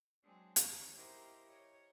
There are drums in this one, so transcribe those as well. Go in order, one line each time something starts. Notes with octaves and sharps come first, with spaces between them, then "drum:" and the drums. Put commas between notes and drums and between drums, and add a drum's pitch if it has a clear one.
F#3 G#3 C4 D4 G#4
drum: hi-hat
D#3 C#4
E4 G4 A#4 C5 D#5 F5
C#5 D#5